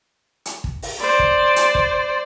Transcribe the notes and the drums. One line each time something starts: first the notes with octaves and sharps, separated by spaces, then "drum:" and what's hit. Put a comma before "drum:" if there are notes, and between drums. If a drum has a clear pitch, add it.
drum: hi-hat
drum: kick
drum: open hi-hat
C5 D5
drum: kick
drum: hi-hat
drum: kick